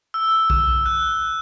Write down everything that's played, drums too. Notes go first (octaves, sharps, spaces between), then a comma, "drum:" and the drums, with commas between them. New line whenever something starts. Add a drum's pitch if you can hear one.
E6
drum: kick B1
F#6